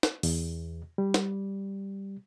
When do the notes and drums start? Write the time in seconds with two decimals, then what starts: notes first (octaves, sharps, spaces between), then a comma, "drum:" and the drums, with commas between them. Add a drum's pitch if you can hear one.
0.03 drum: snare
0.23 E2, drum: open hi-hat
0.98 G3
1.14 drum: snare